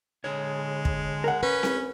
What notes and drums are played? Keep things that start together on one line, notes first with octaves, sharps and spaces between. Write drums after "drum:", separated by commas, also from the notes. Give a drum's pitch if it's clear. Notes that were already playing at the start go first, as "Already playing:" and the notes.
D3 G#3 C#5
drum: kick
A#4 F#5
C#4 B4
drum: snare C4